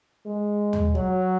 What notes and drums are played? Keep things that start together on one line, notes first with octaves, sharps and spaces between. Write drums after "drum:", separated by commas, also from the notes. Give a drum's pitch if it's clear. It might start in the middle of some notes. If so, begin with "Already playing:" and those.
G#3
drum: tom
F#3, drum: kick E1